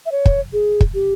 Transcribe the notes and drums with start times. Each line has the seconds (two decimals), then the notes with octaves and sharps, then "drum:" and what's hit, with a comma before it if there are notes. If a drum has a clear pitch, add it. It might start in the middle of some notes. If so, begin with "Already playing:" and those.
0.06 E5
0.12 C#5
0.26 drum: kick
0.53 G#4
0.81 drum: kick
0.94 G4